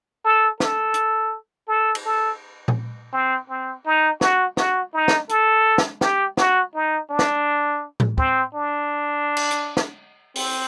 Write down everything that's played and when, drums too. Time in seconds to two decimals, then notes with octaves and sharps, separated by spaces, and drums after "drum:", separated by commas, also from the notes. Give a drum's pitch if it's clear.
0.24 A4
0.60 A4, drum: snare
0.94 drum: hi-hat
1.68 A4
1.95 drum: cymbal
2.05 A4
2.68 drum: tom A#2
3.12 C4
3.49 C4
3.85 D#4
4.21 F#4, drum: snare
4.57 F#4, drum: snare
4.93 D#4
5.08 drum: snare
5.29 A4, drum: hi-hat
5.78 drum: snare
6.01 G4, drum: snare
6.37 F#4, drum: snare
6.74 D#4
7.10 D4
7.19 drum: snare
8.00 drum: tom A2
8.18 C4, drum: kick
8.54 D4
9.37 drum: cymbal
9.51 drum: hi-hat
9.77 drum: snare
10.35 C4, drum: open hi-hat